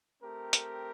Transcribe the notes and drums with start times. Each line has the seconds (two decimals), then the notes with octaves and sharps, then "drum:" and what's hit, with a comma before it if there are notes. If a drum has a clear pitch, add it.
0.22 A3 C4 G4 A#4
0.53 drum: hi-hat